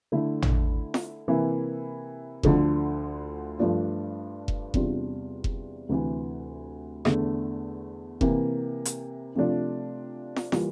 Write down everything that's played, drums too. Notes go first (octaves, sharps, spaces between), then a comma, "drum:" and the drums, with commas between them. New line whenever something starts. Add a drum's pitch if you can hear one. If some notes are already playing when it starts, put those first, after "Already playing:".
D3 A3 E4
drum: tom
drum: snare
C3 E3 A#3 E4
D2 D3 F3, drum: kick F1
G2 F3 A3 D4 F4
drum: kick F1
E2 C3 G3 D4 F4, drum: kick F1
drum: kick F1
D2 C3 E3
E2 D3 A3, drum: rim click
C3 E3 A#3, drum: kick F1
drum: hi-hat
C3 F3 A3 D4 F4
drum: snare
E3 G3 A#3 F4, drum: snare